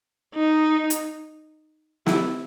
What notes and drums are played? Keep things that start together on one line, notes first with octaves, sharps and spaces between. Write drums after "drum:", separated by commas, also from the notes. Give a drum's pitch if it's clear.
D#4
drum: hi-hat
E4, drum: snare